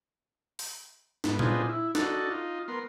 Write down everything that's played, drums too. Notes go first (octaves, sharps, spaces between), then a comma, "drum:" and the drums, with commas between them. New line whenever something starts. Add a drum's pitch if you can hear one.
drum: open hi-hat
G#2 B3, drum: snare D#4
B3 C4 D4 D#4 F4 G#4, drum: tom A#2
E4
D4 D#4 F#4 A4, drum: snare D#4
D#4 F4
B3 A#4 C6